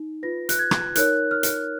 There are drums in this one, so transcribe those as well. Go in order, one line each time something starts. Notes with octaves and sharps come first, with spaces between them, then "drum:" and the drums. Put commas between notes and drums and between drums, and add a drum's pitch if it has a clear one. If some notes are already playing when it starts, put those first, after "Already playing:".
Already playing: D#4
F4 B4 A#6
F#6, drum: hi-hat
G#6
drum: rim click
D#4 A#4 C#5 F#6, drum: hi-hat
F6
drum: hi-hat